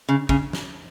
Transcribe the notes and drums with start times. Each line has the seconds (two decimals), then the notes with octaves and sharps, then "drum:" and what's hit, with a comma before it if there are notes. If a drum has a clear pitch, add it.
0.09 C#3
0.29 C#3, drum: kick
0.53 drum: snare